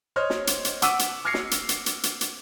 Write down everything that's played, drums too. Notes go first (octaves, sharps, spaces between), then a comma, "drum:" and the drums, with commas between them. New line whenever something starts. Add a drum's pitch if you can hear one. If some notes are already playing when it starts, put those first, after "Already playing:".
C5 C#5 D#5 F6
drum: snare
drum: hi-hat
drum: hi-hat
F#5 C#6 D6 E6 B6 D#7, drum: hi-hat
drum: hi-hat
D6 F6 G#6 A#6 C7 C#7
drum: snare
drum: hi-hat
drum: hi-hat
drum: hi-hat
drum: hi-hat
drum: hi-hat